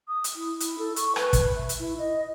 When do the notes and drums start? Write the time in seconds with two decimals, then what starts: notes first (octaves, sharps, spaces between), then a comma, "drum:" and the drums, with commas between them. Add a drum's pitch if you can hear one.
0.08 D#6
0.24 drum: hi-hat
0.36 E4
0.60 drum: hi-hat
0.79 A4
0.96 C#6, drum: hi-hat
1.16 B4, drum: rim click
1.33 drum: kick, hi-hat
1.55 E5
1.69 drum: hi-hat
1.79 E4
1.98 D#5